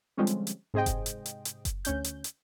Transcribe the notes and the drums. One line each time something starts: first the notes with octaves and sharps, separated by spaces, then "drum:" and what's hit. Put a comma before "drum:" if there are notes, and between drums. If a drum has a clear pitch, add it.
D3 F3 G3 G#3 C4 C#4
drum: hi-hat
drum: hi-hat
G#2 C3 G#4 C5 D#5 G5
drum: kick F#1, hi-hat
drum: hi-hat
drum: hi-hat
drum: hi-hat
drum: kick F#1, hi-hat
D2 C#4 G6, drum: hi-hat
drum: hi-hat
drum: hi-hat